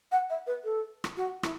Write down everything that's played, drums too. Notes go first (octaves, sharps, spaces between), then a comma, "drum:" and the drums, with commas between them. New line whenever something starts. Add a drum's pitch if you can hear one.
F#5
E5
B4
A4
drum: rim click
F#4
E4, drum: rim click